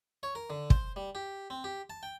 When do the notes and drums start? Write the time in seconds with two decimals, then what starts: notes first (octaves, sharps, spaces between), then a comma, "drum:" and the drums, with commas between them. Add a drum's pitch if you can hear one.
0.23 C#5
0.35 A#4
0.50 D3
0.70 C5, drum: kick
0.96 G3
1.15 G4
1.50 C4
1.64 G4
1.90 A5
2.03 G5